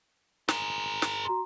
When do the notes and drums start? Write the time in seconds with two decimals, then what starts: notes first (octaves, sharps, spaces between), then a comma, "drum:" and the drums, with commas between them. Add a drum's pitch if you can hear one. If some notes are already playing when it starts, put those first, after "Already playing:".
0.48 G#4 A#4, drum: snare
1.02 drum: snare
1.25 F#4 A#5 C6